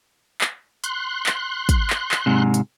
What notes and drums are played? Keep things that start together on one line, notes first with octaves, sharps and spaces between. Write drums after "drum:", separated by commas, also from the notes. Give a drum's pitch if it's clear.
drum: clap
C6 F#6, drum: hi-hat
drum: clap
drum: kick, hi-hat
drum: clap
drum: clap
G#2 C3
drum: hi-hat